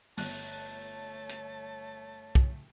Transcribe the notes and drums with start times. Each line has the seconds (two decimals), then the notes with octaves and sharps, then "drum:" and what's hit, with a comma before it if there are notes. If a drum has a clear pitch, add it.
0.18 G1 A3 C#5 A5 F#6, drum: open hi-hat
1.29 drum: hi-hat
2.35 drum: kick